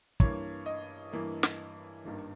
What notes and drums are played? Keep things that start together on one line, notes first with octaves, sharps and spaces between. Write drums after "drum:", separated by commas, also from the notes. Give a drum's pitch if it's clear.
G2 E3 A#3 C#5, drum: kick
D#5
G2 E3 A#3
drum: snare
G#1 G2 D#3 A#3